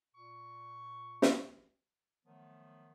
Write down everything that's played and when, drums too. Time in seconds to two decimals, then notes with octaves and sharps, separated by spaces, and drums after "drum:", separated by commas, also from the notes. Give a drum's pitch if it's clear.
0.15 A#2 C#6
1.22 drum: snare
2.25 D#3 F3 F#3 A3 B3